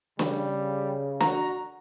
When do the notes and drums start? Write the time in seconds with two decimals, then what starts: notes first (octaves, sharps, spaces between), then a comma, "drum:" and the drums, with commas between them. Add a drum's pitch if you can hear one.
0.19 C#3 G3, drum: snare
1.21 F#4 A#5, drum: snare